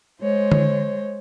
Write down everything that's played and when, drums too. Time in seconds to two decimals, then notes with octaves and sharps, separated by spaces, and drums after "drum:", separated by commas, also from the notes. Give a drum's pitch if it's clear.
0.21 G#3 C5 C#5
0.52 drum: tom D3